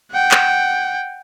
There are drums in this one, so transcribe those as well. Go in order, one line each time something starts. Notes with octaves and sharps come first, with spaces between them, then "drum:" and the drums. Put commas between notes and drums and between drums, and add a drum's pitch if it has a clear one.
F#5 G5
drum: clap